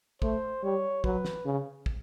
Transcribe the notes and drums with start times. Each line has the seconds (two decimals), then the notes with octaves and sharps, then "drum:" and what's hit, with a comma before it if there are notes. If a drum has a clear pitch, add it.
0.22 A3 C5, drum: kick
0.63 G3 C#5
1.04 F#3 B4, drum: kick
1.25 drum: snare
1.45 C#3
1.86 drum: kick